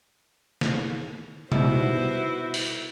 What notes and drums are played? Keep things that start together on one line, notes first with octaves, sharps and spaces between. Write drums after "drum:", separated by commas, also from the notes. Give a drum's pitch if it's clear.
drum: snare
B2 G3 D#4 E4 F#4 B4 C5, drum: tom C3
drum: open hi-hat